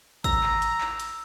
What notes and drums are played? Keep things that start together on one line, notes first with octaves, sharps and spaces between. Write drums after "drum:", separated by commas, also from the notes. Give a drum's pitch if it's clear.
A#5 E6, drum: kick, hi-hat
drum: clap
drum: hi-hat
drum: clap
drum: hi-hat